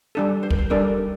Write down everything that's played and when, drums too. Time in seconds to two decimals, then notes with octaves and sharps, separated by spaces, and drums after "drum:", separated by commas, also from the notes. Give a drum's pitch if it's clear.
0.15 G3 D4 A4
0.43 C5
0.50 A#4, drum: kick
0.58 C5
0.70 G3 D4 A4 A#4 D5